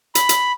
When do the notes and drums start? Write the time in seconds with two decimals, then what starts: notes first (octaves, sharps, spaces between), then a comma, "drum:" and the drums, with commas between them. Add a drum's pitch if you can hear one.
0.15 B5, drum: hi-hat
0.29 drum: hi-hat